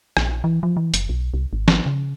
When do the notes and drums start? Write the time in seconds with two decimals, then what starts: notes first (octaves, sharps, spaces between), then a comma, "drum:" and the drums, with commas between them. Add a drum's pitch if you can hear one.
0.17 A#1, drum: rim click
0.44 E3
0.63 F3
0.77 E3
0.94 F#1, drum: hi-hat
1.09 B1
1.34 C2
1.53 G#1
1.68 drum: snare
1.86 C#3